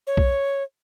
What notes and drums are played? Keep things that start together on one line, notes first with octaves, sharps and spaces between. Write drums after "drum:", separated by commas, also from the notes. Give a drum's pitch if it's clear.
C#5
drum: kick B1